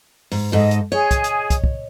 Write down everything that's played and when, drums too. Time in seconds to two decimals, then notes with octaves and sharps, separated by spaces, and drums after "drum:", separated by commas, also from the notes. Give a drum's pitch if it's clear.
0.32 G#2, drum: open hi-hat
0.52 G#2 A4 D#5
0.71 drum: hi-hat
0.92 G#4 C#5 D#5
1.11 drum: kick, hi-hat
1.24 drum: hi-hat
1.50 drum: kick, hi-hat
1.64 drum: kick